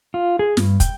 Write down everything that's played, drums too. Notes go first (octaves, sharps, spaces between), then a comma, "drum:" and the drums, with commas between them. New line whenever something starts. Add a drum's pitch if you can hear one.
F4
G#4
G2, drum: snare
G5, drum: kick, hi-hat